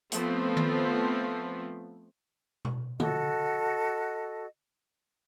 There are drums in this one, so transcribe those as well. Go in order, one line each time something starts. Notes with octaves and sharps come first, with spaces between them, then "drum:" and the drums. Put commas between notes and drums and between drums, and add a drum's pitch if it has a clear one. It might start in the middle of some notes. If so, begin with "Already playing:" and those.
F3 A3 B3 C4, drum: hi-hat
drum: tom D#3
drum: tom B2
F#4 A4 D#5, drum: tom D3